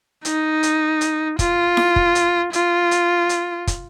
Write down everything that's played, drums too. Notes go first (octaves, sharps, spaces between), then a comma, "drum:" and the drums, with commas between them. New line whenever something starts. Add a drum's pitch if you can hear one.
D#4, drum: hi-hat
drum: hi-hat
drum: hi-hat
F4, drum: kick, hi-hat
drum: snare E4
drum: kick
drum: hi-hat
F4, drum: hi-hat
drum: hi-hat
drum: hi-hat
drum: kick, hi-hat